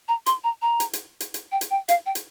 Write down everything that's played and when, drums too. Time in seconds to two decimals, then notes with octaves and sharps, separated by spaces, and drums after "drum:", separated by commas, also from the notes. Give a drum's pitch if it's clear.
0.08 A#5
0.26 C6, drum: hi-hat
0.44 A#5
0.62 A#5
0.80 drum: hi-hat
0.93 drum: hi-hat
1.20 drum: hi-hat
1.34 drum: hi-hat
1.52 G5
1.61 drum: hi-hat
1.71 G5
1.89 F5, drum: hi-hat
2.06 G5
2.15 drum: hi-hat